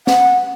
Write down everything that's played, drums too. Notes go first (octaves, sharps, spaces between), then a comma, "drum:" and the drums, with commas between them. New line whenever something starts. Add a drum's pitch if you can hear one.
F#5, drum: snare